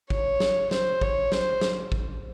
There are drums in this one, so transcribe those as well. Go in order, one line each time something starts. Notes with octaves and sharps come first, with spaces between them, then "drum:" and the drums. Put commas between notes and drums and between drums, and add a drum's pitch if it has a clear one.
C#5, drum: kick
drum: snare
C5, drum: snare
C#5, drum: kick
C5, drum: snare
drum: snare
drum: kick